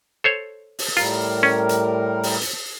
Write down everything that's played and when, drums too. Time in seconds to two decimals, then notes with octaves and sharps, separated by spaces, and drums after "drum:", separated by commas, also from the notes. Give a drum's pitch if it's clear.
0.24 A4 C5 C#5
0.79 drum: open hi-hat
0.97 A2 G3 F4 A#4, drum: hi-hat
1.43 C#4
1.69 drum: hi-hat
2.23 drum: open hi-hat
2.41 drum: hi-hat